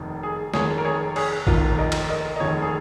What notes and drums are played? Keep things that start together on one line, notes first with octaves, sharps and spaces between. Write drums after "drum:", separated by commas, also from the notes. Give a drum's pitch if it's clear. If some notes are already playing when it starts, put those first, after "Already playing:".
Already playing: F1 D#2 D#3
G#4
F1 D#2 D#3 G#4 C#5, drum: snare
A#4
G#4 C#5
G#4 C#5, drum: cymbal
F1 D#2 D#3 F4 A#4, drum: kick A1
A#4 D#5
drum: cymbal
A#4 D#5
D#5
F1 D#2 D#3 G#4 C#5
G#4